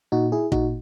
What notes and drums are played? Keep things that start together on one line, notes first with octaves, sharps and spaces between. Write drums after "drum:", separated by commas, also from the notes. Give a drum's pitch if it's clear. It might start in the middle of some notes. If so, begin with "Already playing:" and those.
A#2 D#4 F#4
E4 G#4
A#2 D#4 F#4, drum: kick